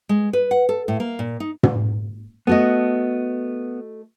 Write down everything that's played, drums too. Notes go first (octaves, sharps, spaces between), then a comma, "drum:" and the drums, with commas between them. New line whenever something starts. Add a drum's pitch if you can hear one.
G#3
B4
F#5
A4
A2
A#3
A#2
D#4
drum: tom
A3 B3 F#4 D#5